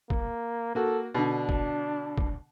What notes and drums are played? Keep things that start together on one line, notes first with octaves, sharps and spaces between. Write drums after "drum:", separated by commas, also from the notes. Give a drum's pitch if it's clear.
A#3, drum: kick
A#3 F#4 A4
B2 D3 D4
drum: kick
drum: kick